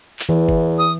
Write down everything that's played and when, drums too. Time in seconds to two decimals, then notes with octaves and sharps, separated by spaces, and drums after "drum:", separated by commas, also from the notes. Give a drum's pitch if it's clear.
0.19 drum: clap
0.29 E2 E3
0.49 drum: kick G1
0.78 D#6